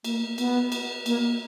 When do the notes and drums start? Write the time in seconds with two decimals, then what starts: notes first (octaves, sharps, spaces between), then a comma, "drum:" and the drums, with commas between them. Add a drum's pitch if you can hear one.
0.04 A#3, drum: cymbal
0.38 B3, drum: cymbal
0.72 drum: cymbal
1.06 A#3, drum: cymbal